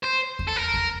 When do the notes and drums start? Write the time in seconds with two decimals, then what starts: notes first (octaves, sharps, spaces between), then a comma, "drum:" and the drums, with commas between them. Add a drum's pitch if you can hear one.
0.04 C5
0.39 drum: kick E2
0.48 A4
0.57 A#4
0.74 drum: kick E2